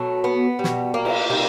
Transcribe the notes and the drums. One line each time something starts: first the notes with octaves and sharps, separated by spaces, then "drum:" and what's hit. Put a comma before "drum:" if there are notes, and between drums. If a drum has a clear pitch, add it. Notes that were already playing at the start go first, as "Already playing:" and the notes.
Already playing: B2 F#3 A3
B3
G3
B2, drum: snare
A#3
drum: cymbal
C3 D#3 G3